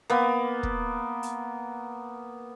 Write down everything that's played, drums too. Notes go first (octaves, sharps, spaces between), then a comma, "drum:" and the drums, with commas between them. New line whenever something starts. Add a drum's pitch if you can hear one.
A#3 B3
drum: kick
drum: hi-hat